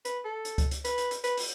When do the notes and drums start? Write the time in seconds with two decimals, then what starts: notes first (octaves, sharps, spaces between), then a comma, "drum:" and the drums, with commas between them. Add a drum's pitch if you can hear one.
0.05 B4, drum: hi-hat
0.25 A4
0.45 drum: hi-hat
0.58 drum: kick C#2, hi-hat
0.71 drum: hi-hat
0.85 B4, drum: hi-hat
0.98 drum: hi-hat
1.11 drum: hi-hat
1.24 B4, drum: hi-hat
1.37 drum: open hi-hat